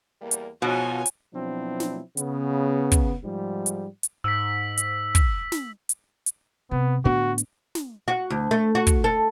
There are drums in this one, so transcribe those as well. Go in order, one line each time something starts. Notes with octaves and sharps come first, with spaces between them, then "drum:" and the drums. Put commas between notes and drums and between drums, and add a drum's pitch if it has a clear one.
E2 G3 A#3
drum: hi-hat
G#2 B2 F3 D#4 F4 F#4 C#5 G#5
drum: hi-hat
B2 F3 F#3 C4 D4 E4
drum: snare
C#3 B3, drum: hi-hat
drum: kick, hi-hat
G#2 F3 G3
drum: hi-hat
drum: hi-hat
G#2 E6 B6
drum: hi-hat
drum: kick, hi-hat
drum: snare
drum: hi-hat
drum: hi-hat
C3 B3
A2 D3 B3 D4 F#4
drum: hi-hat
drum: snare
F#4
D2
A3
F#4
drum: kick, hi-hat
A4